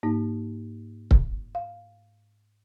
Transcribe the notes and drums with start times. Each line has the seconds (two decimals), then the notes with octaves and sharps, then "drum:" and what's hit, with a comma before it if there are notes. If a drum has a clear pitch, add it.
0.03 G#2 A#3 D#4
1.11 drum: kick C#1
1.55 F5